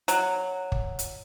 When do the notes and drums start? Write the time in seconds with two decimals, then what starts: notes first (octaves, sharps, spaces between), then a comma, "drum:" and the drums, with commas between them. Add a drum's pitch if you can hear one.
0.08 F#3, drum: hi-hat
0.72 drum: kick
0.99 drum: hi-hat